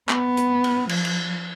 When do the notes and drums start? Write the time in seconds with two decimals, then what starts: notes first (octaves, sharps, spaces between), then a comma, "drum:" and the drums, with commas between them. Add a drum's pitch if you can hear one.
0.09 B3, drum: clap
0.37 drum: hi-hat
0.64 drum: cymbal
0.89 F3, drum: cymbal
1.05 drum: cymbal